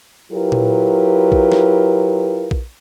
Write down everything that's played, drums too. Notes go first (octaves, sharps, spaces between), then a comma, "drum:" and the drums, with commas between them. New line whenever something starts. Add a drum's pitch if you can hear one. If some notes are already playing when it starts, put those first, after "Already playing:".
F#3 E4 F4 G4 A#4 B4
drum: tom A#2
drum: kick A#1
drum: snare
drum: kick A#1